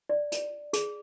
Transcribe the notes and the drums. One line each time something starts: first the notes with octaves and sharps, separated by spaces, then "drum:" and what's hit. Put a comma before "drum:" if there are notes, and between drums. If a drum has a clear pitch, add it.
D5
drum: hi-hat
G#4, drum: hi-hat